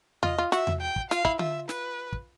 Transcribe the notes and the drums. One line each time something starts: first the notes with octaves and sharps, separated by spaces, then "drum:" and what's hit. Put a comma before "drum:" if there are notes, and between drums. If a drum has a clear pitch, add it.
F4 D#5, drum: tom E2
F4
F#4 E5, drum: snare
drum: tom E2
G5
drum: kick
F4 F5, drum: snare
E4, drum: kick
F4 E5, drum: tom D3
B4, drum: snare
drum: kick